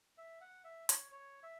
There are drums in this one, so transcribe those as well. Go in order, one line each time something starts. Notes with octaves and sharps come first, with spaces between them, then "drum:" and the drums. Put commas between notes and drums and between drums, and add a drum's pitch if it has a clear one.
E5
F#5
E5
C#5, drum: hi-hat
C#5
E5